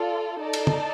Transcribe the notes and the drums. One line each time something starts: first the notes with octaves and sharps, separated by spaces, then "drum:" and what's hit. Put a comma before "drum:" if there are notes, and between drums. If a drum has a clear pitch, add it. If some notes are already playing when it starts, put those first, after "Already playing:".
Already playing: F4 A4 D5
D#4 A4 D5 A5
drum: cymbal
drum: tom